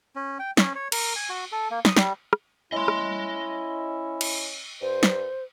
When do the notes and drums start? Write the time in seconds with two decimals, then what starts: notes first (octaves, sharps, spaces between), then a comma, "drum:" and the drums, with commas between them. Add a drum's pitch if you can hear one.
0.16 C#4
0.39 G5
0.57 C#4, drum: snare
0.75 C#5
0.92 A#4, drum: cymbal
1.16 G#5
1.30 F#4
1.52 A4
1.71 A#3
1.85 D#6, drum: snare
1.97 G3, drum: snare
2.33 drum: rim click
2.72 C#4 E4 D#5 C6
2.88 drum: rim click
4.21 drum: cymbal
4.81 G2 C5
5.03 drum: snare